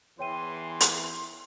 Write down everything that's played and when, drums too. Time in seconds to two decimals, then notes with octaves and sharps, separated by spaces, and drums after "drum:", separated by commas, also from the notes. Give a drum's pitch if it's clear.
0.19 E2 E3 C#5 G5 C6 D#7
0.81 drum: hi-hat